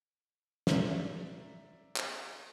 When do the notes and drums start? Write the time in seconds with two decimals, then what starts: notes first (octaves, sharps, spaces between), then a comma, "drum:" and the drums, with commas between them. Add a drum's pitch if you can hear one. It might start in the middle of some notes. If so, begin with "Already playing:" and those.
0.67 D5 E5 A#5, drum: snare
1.96 drum: clap